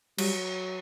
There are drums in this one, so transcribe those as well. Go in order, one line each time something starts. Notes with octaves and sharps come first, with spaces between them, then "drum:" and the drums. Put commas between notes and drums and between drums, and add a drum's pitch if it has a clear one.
F#3 G3, drum: cymbal